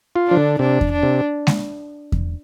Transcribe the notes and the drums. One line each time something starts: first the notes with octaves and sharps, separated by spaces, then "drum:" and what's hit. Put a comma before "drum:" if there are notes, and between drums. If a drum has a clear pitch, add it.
F4
F3 D4
D3
C3 D4
drum: kick E2
D4
C3
drum: snare G#3
drum: kick E2